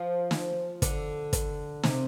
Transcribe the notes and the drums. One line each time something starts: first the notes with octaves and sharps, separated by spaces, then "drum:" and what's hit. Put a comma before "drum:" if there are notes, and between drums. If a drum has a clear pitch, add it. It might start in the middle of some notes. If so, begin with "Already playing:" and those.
Already playing: F3
drum: snare
D3, drum: kick, hi-hat
drum: kick, hi-hat
C3, drum: snare